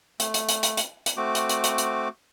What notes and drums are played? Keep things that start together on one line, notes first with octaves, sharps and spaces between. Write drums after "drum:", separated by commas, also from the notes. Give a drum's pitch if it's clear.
A3, drum: hi-hat
drum: hi-hat
drum: hi-hat
drum: hi-hat
drum: hi-hat
drum: hi-hat
A3 C4 F#4 D6
drum: hi-hat
drum: hi-hat
drum: hi-hat
drum: hi-hat